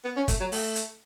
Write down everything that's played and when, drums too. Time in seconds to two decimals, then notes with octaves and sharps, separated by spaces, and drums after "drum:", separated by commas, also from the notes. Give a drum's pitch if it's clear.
0.04 B3
0.16 C#4
0.28 A3, drum: kick, hi-hat
0.40 F#3
0.52 A3, drum: open hi-hat
0.75 drum: hi-hat